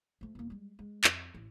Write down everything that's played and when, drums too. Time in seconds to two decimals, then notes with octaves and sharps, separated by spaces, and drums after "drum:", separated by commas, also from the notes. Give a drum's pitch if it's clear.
0.21 F3 A3
0.35 E1 A#3
0.50 G3 G#3
0.79 G#3
1.04 F2, drum: clap
1.34 A1